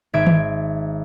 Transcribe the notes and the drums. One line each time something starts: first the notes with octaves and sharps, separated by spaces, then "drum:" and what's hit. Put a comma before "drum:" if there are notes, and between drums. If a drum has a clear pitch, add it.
G#1 E5 G#6 D7
drum: tom D#3